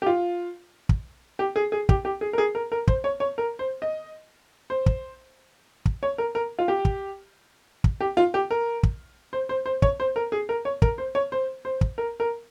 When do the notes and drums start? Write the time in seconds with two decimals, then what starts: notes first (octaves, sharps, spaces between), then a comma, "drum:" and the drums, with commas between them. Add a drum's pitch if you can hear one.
0.02 G4
0.06 F4
0.89 drum: kick
1.39 G4
1.56 G#4
1.72 G#4
1.89 G4, drum: kick
2.05 G4
2.21 G#4
2.33 A#4
2.38 G#4
2.55 A#4
2.72 A#4
2.87 C5, drum: kick
3.04 C#5
3.20 C#5
3.38 A#4
3.59 C5
3.82 D#5
4.70 C5
4.86 drum: kick
5.86 drum: kick
6.03 C#5
6.18 A#4
6.35 A#4
6.59 F4
6.68 G4
6.85 drum: kick
7.84 drum: kick
8.01 G4
8.17 F4
8.34 G4
8.51 A#4
8.83 drum: kick
9.33 C5
9.49 C5
9.66 C5
9.82 C#5, drum: kick
10.00 C5
10.16 A#4
10.32 G#4
10.49 A#4
10.65 C#5
10.82 A#4, drum: kick
10.98 C5
11.15 C#5
11.32 C5
11.65 C5
11.81 drum: kick
11.98 A#4
12.20 A#4